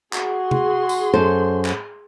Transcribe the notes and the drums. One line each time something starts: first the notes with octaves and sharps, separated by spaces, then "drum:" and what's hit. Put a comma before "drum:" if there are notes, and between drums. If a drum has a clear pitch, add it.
F#4 G#4 C6, drum: clap
drum: tom C3
drum: tambourine
F#2 A4 C5
drum: clap